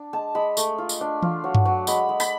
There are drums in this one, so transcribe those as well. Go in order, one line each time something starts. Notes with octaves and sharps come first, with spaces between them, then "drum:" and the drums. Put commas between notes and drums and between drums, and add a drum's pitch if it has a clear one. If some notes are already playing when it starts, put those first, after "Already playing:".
Already playing: D4
G#3 A5
G#3 B5
A3, drum: tambourine
F4
drum: tambourine
D4
F4, drum: tom E3
F#3
drum: tom G2
F#3
G#3 B5, drum: tambourine
G#3
B5, drum: tambourine